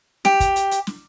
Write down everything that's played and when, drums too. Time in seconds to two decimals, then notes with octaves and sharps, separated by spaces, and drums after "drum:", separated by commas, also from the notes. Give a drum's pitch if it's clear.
0.25 G4, drum: snare
0.40 drum: kick, hi-hat
0.56 drum: hi-hat
0.71 drum: hi-hat
0.87 drum: snare